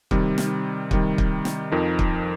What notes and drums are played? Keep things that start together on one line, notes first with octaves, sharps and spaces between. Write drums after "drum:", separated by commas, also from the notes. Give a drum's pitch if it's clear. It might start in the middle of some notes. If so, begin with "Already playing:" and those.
C3 D#3 G3, drum: kick
drum: snare
C3 D#3 G3, drum: kick
drum: kick
drum: snare
F2 F3 D#4 A#4
drum: kick